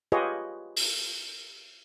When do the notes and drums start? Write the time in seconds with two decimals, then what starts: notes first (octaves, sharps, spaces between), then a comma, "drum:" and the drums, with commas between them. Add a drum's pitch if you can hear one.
0.12 F4 G4 G#4 B4 C#5 D#5
0.76 drum: open hi-hat